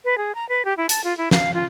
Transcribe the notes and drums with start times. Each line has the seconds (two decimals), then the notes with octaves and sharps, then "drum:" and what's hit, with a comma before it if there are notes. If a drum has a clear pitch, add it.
0.05 B4
0.18 G#4
0.35 A#5
0.49 B4
0.65 G4
0.77 E4
0.89 A5, drum: hi-hat
1.04 F4
1.17 E4
1.31 F5, drum: snare
1.54 F4